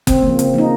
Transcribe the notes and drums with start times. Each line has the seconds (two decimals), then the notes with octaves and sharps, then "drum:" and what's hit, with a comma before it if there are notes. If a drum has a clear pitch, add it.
0.07 C#3 C4, drum: kick F#1, hi-hat
0.22 A#3
0.28 F3
0.39 C#3, drum: hi-hat
0.54 F3 A#3 D#4